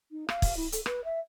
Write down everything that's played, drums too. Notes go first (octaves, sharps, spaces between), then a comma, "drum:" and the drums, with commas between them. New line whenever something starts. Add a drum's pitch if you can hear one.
D#4
F5, drum: rim click
drum: kick, open hi-hat
E4
A4, drum: hi-hat
B4, drum: rim click
E5